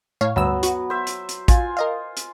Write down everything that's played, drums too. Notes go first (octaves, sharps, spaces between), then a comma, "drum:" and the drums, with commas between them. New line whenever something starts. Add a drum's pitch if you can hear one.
A2 C#5 F5
D2 G2 F#3 B3 E6
F#4, drum: hi-hat
C5 E5
drum: hi-hat
drum: hi-hat
F4 G#5, drum: kick A1, hi-hat
A#4 D#5 F5
drum: hi-hat